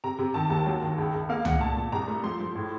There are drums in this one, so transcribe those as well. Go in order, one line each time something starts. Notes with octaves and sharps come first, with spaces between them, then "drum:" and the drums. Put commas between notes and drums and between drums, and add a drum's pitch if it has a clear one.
C3 A#5
C3
D#3 A5
D#2 A5
F#3
D#3
C#2
C#2
A#3 F5
A#2 F#5, drum: tom
A3 A5
A#2
C2 A#5
A3
F3 C6
F3
A2